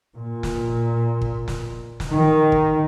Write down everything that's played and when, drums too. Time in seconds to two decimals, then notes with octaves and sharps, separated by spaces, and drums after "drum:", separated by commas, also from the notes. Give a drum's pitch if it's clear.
0.17 A#2
0.43 drum: snare
1.22 drum: kick
1.48 drum: snare
2.00 drum: snare
2.12 D#3
2.52 drum: kick